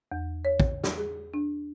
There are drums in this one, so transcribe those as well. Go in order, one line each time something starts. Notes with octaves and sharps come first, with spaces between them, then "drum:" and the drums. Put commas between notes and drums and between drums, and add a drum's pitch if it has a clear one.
E2
C#5
drum: kick
drum: snare
G#4
D4